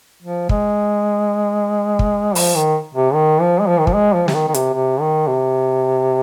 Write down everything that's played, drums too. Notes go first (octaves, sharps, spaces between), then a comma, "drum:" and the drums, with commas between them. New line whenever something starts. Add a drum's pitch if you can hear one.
F3
G#3, drum: kick
drum: kick
F3, drum: open hi-hat
D#3
C3
D#3
F3
G#3
F3
D#3
F3, drum: kick
G#3
F3
C3, drum: snare
D#3
D#3
C3, drum: hi-hat
C3
D#3
C3